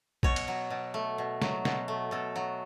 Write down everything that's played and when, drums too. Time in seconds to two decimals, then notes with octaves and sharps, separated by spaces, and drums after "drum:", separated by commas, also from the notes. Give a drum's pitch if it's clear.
0.23 B2 C#5, drum: kick
0.36 drum: cymbal
0.48 F#3
0.70 B2
0.94 A3
1.18 B2
1.42 F#3, drum: snare
1.65 B2, drum: snare
1.88 A3
2.11 B2 A4
2.36 F#3